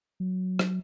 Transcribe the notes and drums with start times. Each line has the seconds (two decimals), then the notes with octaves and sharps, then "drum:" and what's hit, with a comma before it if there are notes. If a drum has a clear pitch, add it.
0.20 F#3
0.59 drum: rim click